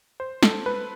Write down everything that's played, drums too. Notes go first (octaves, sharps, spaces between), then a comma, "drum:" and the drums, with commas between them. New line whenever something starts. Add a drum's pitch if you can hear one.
C5
A4, drum: snare
B4